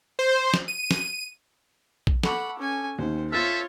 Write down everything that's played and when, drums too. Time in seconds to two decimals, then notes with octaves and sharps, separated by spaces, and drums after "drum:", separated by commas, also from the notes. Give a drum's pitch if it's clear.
0.19 C5
0.54 drum: snare
0.68 D#7
0.91 drum: snare
2.07 drum: kick
2.23 A4 F#5 B5 C#6 D6, drum: snare
2.59 C#4 G#5
2.99 D#2 D#3 C5
3.32 F4 A4 C5 C#5 E5 E6 A6